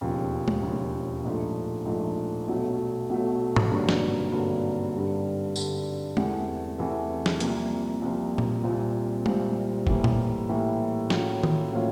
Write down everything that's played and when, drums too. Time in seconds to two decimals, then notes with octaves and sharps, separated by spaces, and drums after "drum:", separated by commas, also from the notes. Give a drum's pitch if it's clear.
0.01 E1 D#2 C#3 F3
0.48 drum: tom G#3
0.62 E1 D#2 C#3 F3
1.24 A#1 G#2 F3 A3
1.85 A#1 G#2 F3 A3
2.48 B1 B2 F#3 A3
3.09 B1 B2 F#3 A3
3.56 drum: tom G#2
3.71 G#1 G2 D3 F#3 A#3
3.89 drum: snare
4.32 G#1 G2 D3 F#3 A#3
4.94 G2 D3 G3
5.56 G2 D3 G3, drum: tambourine
6.17 E2 C3 E3 A3, drum: tom G#3
6.78 E2 C3 E3 A3
7.26 drum: snare
7.40 C2 C3 F3 A#3, drum: hi-hat
8.02 C2 C3 F3 A#3
8.38 drum: tom A#2
8.63 C2 A#2 G3 C4 F4
9.26 C2 A#2 G3 C4 F4, drum: tom G#3
9.87 A2 E3 G3 A#3, drum: kick
10.04 drum: tom A#2
10.49 A2 E3 G3 A#3
11.10 A2 F#3 A#3 C#4 F4, drum: snare
11.43 drum: tom D#3
11.72 A2 F#3 A#3 C#4 F4